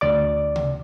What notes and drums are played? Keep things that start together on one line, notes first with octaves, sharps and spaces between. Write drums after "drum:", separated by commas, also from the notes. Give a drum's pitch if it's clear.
D2 D5 D6
drum: tom C3